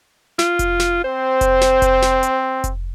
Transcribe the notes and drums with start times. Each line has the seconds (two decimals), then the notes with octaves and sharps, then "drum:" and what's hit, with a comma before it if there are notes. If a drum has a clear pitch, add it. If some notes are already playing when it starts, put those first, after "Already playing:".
0.39 F4, drum: snare
0.59 drum: kick F1, hi-hat
0.80 drum: snare
1.04 C4 C5
1.41 drum: kick F1, hi-hat
1.61 drum: snare
1.82 drum: kick F1, hi-hat
2.02 drum: snare
2.23 drum: hi-hat
2.64 drum: kick F1, hi-hat